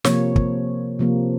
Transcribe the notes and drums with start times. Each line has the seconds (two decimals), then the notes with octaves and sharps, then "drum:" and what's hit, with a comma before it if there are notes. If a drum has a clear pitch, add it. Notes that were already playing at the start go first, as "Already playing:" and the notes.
0.04 C3 F3 A#3 C#5, drum: snare
0.36 drum: kick
0.99 C3 F3 A#3